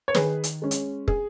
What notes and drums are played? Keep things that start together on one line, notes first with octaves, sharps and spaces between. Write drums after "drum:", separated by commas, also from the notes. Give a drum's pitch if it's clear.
C#5
D#3 G#4 B4, drum: snare
drum: hi-hat
G#3 C#4
drum: hi-hat
G#4, drum: kick